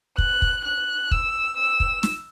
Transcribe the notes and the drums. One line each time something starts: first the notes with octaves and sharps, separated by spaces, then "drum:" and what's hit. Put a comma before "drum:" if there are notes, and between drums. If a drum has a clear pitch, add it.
F#6, drum: kick
drum: kick
F#6
E6, drum: kick
E6
drum: kick
drum: snare